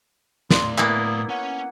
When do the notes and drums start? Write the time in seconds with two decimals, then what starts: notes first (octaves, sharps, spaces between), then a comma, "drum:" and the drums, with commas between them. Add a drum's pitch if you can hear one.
0.51 A2 D5 C6, drum: snare
0.78 A#3 B3 E4 D#6, drum: clap
1.29 C#4 F#5